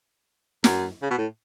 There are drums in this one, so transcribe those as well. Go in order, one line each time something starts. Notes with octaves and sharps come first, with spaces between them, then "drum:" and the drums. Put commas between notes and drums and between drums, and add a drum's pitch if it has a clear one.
F#2, drum: snare
C#3
B2
A2